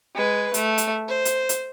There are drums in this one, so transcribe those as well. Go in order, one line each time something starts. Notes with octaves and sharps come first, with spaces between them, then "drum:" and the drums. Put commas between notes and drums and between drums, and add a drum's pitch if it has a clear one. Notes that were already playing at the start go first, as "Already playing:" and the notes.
G#3 B4
A3, drum: hi-hat
drum: hi-hat
C5
drum: hi-hat
drum: hi-hat